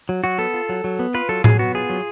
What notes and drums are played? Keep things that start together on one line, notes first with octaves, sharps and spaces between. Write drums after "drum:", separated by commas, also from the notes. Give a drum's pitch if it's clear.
F#3
F#3 F#4
B3 A4
F4
F#3
F#3
B3
F4 B4
F#3 A4
F#3 G#4, drum: tom A2
B3 F#4
F4 G#4
F#3